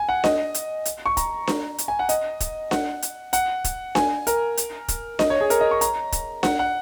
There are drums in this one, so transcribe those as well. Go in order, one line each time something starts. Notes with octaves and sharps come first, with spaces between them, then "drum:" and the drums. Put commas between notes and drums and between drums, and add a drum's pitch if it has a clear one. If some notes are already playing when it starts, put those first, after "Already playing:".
Already playing: G#5
F#5
D#5, drum: snare D4
drum: hi-hat
drum: hi-hat
C#6
A#5, drum: kick D#1, hi-hat
drum: snare D4
drum: hi-hat
G#5
F#5
D#5, drum: hi-hat
drum: kick D#1, hi-hat
F#5, drum: snare D4
drum: hi-hat
F#5, drum: hi-hat
drum: kick D#1, hi-hat
G#5, drum: snare D4
A#4, drum: hi-hat
drum: hi-hat
drum: kick D#1, hi-hat
D#5, drum: snare D4
C#5
G#4
A#4, drum: hi-hat
D#5
C#6
A#5, drum: hi-hat
drum: kick D#1, hi-hat
F#5, drum: snare D4
F#5